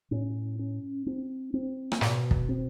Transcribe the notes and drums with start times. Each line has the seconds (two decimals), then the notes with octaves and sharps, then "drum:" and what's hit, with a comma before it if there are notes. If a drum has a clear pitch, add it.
0.11 A2 C#4
0.59 C#4
1.06 C4
1.54 C4
1.92 A#3, drum: rim click
2.01 B2 B3, drum: snare
2.31 drum: kick
2.49 C4